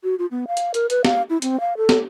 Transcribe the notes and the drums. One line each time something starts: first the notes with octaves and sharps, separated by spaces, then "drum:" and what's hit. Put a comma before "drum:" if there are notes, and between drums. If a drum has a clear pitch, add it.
F#4
F4
B3
F5
drum: hi-hat
A#4, drum: hi-hat
B4, drum: hi-hat
F5, drum: snare
E4
C4, drum: hi-hat
F5
A4
drum: snare